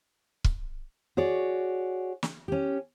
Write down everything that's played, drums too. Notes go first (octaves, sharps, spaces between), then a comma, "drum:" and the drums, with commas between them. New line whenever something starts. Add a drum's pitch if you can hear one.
drum: kick
F#4 G#4 C#5 D5
drum: snare
C#4 G4